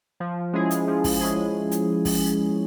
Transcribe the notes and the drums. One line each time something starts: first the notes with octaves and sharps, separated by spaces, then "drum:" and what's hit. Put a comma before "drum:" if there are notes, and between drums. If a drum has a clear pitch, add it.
F3
G#3 C#4 E4 G#4
drum: hi-hat
F3
drum: kick, open hi-hat
G#3 C#4 E4 G#4
drum: hi-hat
drum: kick, open hi-hat